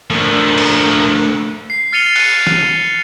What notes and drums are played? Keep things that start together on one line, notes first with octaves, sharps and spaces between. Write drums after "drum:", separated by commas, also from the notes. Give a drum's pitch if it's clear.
A2 F3 A3 D4 A#4
drum: cymbal
C7
F6 A6 C#7 D#7 F7 G7
F#6 D#7, drum: cymbal
drum: snare